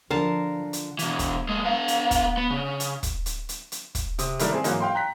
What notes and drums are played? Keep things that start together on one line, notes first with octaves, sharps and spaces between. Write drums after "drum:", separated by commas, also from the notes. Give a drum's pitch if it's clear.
D3 F3 A#4 F5 A5
drum: hi-hat
B2 E3, drum: hi-hat
drum: kick, hi-hat
G#3 A#3
B3 F5
drum: hi-hat
drum: kick, hi-hat
B3
C#3
drum: hi-hat
drum: kick, hi-hat
drum: hi-hat
drum: hi-hat
drum: hi-hat
drum: kick, hi-hat
C3 C4 D#6, drum: hi-hat
D#3 G3 A3 E4 A#4 D5, drum: hi-hat
C4 G#4
G#2 E3 F#3 A#3 D#4, drum: hi-hat
F5 G5 C6
G5 A#5 F#6 B6